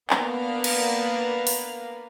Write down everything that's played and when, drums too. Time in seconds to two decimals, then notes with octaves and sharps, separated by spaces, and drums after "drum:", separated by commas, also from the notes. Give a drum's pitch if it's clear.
0.10 A#3 B3 D4 A#4 B4 F5, drum: clap
0.64 drum: cymbal
1.47 drum: open hi-hat